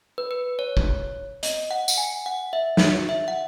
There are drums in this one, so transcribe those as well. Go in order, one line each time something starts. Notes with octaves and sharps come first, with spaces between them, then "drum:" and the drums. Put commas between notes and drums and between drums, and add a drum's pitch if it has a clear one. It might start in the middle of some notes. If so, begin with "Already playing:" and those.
B4
B4
C#5
drum: kick
D#5, drum: hi-hat
F#5
drum: tambourine
G#5
F#5
E5
drum: snare
E5
F#5